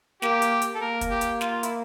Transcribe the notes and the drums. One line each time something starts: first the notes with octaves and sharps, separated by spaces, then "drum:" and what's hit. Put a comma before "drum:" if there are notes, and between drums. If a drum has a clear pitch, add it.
A#3 G4, drum: snare
drum: hi-hat
drum: hi-hat
A4
A#3 A#4
drum: kick, hi-hat
G4
drum: hi-hat
F4, drum: snare
E4, drum: hi-hat